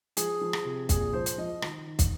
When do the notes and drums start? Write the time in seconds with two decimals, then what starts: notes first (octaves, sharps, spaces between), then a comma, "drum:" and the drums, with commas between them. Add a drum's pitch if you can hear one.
0.17 F3 G#4, drum: hi-hat
0.41 F3
0.53 drum: rim click
0.65 C3
0.89 A#2 G#4, drum: kick, hi-hat
1.13 F3 C5
1.26 drum: hi-hat
1.38 F3 D#5
1.62 D#3, drum: rim click
1.87 D#4
1.99 drum: kick, hi-hat